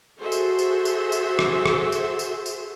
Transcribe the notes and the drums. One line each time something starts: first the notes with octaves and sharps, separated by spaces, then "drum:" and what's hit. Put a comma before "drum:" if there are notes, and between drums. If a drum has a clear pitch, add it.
F#4 G#4 A4 C5 E5
drum: tambourine
drum: tambourine
drum: tambourine
drum: tambourine
drum: rim click
drum: rim click
drum: tambourine
drum: tambourine
drum: tambourine